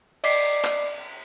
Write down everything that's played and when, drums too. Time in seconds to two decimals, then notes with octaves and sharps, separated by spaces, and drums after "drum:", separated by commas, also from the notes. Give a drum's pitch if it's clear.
0.24 D5 D#5 D6 B6 C7, drum: cymbal
0.64 drum: clap